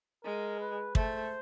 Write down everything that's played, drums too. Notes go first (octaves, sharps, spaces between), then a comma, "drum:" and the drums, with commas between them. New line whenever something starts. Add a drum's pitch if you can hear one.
G#3 A#4
B4
A3 C5, drum: kick